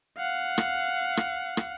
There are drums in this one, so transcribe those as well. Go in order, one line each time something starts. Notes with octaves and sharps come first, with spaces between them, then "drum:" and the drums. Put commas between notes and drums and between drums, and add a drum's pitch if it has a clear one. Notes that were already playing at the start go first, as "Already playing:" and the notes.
F5 F#5
drum: rim click
drum: rim click
drum: rim click